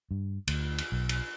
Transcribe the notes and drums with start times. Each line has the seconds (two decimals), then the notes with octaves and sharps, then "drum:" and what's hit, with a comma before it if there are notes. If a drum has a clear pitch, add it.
0.11 G2
0.47 D2, drum: cymbal
0.78 drum: cymbal
0.92 B1
1.09 drum: cymbal